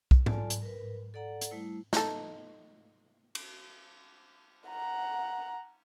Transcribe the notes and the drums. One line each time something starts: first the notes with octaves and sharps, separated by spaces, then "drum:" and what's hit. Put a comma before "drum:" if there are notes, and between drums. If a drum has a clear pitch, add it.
drum: kick B1
F4 A4 D5 G#5 A5, drum: tom G#2
drum: hi-hat
A#4 B4
A4 D5 F#5 A#5
drum: hi-hat
G3 A3 E4 C5
D#4 A4, drum: snare
drum: cymbal
F#5 A#5